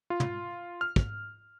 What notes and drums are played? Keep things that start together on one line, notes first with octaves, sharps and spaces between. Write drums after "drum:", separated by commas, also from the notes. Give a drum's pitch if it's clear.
F4
drum: tom
F6
drum: kick